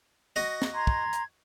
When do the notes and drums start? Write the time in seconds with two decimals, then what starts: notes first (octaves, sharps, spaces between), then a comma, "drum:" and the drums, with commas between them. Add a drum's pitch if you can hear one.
0.36 F#4 D#5
0.62 drum: snare
0.74 A#5 C6 G#6
0.87 drum: kick
1.13 drum: hi-hat